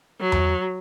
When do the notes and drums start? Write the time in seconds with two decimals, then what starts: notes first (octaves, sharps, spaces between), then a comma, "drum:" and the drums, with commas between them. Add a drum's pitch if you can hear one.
0.20 F#3
0.32 drum: tom E2